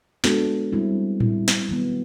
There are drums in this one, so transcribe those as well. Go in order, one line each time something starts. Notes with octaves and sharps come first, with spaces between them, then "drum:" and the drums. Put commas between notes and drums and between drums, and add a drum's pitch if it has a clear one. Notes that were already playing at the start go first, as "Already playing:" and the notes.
G#3 B3 D4 F#4 A4, drum: snare
G3 C4 E4
G3 C4 E4, drum: tom A2
drum: snare
D#3 F#3 B3